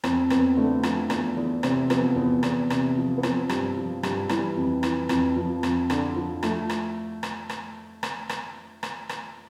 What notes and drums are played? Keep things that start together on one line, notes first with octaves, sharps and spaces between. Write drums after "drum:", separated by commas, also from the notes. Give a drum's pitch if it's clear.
F2 C4, drum: rim click
F2 B3, drum: rim click
D3 A3
F3, drum: rim click
E2, drum: rim click
E2
C3 C4, drum: rim click
F3 B3, drum: rim click
E2
E2, drum: rim click
C3, drum: rim click
F3
B3
F3 C4, drum: rim click
G2, drum: rim click
F3
G2, drum: rim click
E3 G3, drum: rim click
F2
E3, drum: rim click
F2, drum: rim click
F2 F3
F2, drum: rim click
D3, drum: rim click
F3
F3 A3, drum: rim click
drum: rim click
drum: rim click
drum: rim click
drum: rim click
drum: rim click
drum: rim click
drum: rim click